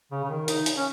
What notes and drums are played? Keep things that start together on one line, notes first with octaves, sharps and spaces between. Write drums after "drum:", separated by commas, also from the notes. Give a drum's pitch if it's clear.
C#3
C#3
D#3
D#4, drum: hi-hat
drum: hi-hat
C#4